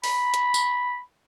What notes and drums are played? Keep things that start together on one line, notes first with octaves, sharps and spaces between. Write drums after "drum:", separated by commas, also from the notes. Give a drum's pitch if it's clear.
B5, drum: open hi-hat
drum: hi-hat
drum: tambourine